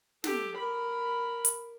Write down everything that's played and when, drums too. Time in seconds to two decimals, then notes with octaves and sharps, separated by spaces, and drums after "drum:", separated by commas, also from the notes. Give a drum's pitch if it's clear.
0.24 G4 A4, drum: snare
0.56 A#4 B5
1.45 drum: hi-hat